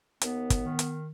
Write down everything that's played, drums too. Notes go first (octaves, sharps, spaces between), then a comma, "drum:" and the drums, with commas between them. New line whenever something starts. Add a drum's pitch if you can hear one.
D#2 B3, drum: hi-hat
drum: kick, hi-hat
D#3
drum: hi-hat